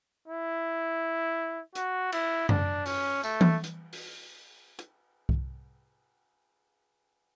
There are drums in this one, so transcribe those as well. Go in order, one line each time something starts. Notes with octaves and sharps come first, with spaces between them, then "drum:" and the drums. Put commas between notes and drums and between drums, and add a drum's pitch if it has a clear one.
E4
F#4, drum: hi-hat
E4, drum: cymbal
D4, drum: tom F#2
C#4, drum: open hi-hat
A3, drum: tambourine
drum: tom E3
drum: hi-hat
drum: open hi-hat
drum: hi-hat
drum: kick C2